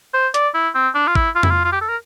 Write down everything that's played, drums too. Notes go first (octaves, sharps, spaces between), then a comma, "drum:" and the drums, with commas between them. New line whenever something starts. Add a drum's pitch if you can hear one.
C5
D5, drum: hi-hat
E4
C4
D4
F4
E4, drum: kick G#1
F4
E4, drum: tom F2
F4
F4
G4
A4
A#4